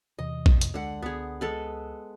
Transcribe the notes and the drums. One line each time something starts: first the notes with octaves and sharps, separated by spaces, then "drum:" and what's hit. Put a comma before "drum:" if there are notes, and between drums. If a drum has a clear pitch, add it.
E2 C3 E3 D#5
F2 C3, drum: kick A#1
drum: hi-hat
D2 D3 G#3 F#5
C#2 B3 G#4
G#3 A4 B4